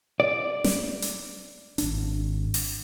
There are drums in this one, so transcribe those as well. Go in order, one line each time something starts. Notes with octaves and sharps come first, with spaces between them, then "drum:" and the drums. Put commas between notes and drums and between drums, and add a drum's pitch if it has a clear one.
D5
drum: snare
drum: hi-hat
G#1 D4, drum: hi-hat
drum: open hi-hat